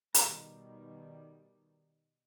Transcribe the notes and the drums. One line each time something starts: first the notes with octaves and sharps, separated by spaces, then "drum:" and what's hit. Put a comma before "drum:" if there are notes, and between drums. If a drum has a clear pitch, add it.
B2 D#3 G3 A#5, drum: hi-hat